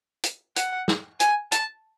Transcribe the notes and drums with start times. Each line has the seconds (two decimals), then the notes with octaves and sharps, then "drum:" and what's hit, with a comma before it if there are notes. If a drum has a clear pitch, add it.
0.23 drum: hi-hat
0.56 F#5, drum: hi-hat
0.88 drum: snare
1.20 G#5, drum: hi-hat
1.52 A5, drum: hi-hat